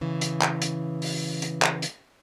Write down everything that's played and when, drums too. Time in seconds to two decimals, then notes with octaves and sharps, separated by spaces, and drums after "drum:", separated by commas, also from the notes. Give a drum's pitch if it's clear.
0.01 C#3 E3
0.21 drum: hi-hat
0.42 drum: clap
0.62 drum: hi-hat
1.02 drum: open hi-hat
1.42 drum: hi-hat
1.62 drum: clap
1.82 drum: hi-hat